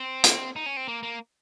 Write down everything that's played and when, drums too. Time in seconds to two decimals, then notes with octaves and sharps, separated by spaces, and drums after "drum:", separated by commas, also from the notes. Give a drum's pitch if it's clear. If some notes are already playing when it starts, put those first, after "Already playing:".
Already playing: C4
0.24 drum: hi-hat
0.56 D#4
0.66 C#4
0.77 C4
0.88 A#3
1.03 A#3